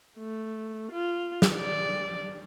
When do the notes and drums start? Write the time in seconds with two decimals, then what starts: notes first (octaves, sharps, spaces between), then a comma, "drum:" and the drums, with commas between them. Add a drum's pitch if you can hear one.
0.18 A3
0.92 F4
1.42 drum: snare
1.58 D5